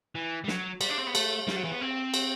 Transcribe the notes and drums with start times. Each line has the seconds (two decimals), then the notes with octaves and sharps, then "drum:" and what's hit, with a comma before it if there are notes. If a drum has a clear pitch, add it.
0.15 E3
0.44 G3
0.48 F#3, drum: snare
0.81 G3, drum: cymbal
0.89 D4
0.98 C4
1.07 B3
1.15 A3, drum: cymbal
1.47 G3, drum: snare
1.56 F#3
1.64 E3
1.72 B3
1.81 C4
2.14 drum: cymbal